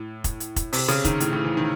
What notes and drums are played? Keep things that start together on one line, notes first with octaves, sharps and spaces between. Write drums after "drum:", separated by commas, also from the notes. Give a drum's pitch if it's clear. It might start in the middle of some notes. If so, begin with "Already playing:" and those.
Already playing: A2
drum: kick F1, hi-hat
drum: hi-hat
drum: kick F1, hi-hat
C3, drum: open hi-hat
C#3, drum: hi-hat
D#3, drum: kick F1, hi-hat
A2, drum: hi-hat
A2
E3
D#3